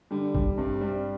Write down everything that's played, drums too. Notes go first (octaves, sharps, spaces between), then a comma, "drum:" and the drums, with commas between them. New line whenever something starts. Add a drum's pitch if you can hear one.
D3 G3
G3, drum: kick G#1
G2 C3
G3